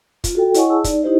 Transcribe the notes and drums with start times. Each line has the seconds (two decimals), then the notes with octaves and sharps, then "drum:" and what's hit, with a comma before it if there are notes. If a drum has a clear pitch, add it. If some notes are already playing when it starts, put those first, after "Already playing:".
0.24 F4, drum: kick, hi-hat
0.35 F#4 A4 G5
0.54 E4 C#5 D#5 F#5 G#5 C#6, drum: hi-hat
0.69 G#4 A5 E6
0.84 D#4 D5, drum: kick, hi-hat
1.03 D#4 E4 G4 C5 D#5